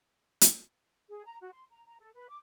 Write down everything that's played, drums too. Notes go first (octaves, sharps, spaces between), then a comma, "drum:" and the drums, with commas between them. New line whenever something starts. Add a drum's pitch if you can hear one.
drum: hi-hat
G#4
A#5
F#4
C6
A#5
A#5
A4
B4
D6